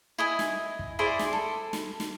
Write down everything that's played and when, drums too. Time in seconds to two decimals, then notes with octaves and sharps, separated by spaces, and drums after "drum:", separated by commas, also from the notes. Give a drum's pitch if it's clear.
0.19 E4 D#5 G#5
0.39 drum: snare
0.79 drum: kick
0.99 E4 G#4 C5 D5
1.19 drum: snare
1.33 A4
1.73 drum: snare
2.00 drum: snare